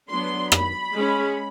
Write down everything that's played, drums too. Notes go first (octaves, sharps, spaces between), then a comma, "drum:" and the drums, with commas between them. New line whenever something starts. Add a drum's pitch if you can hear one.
F#3 B3 D4 C6
B5, drum: rim click
G#3 C#4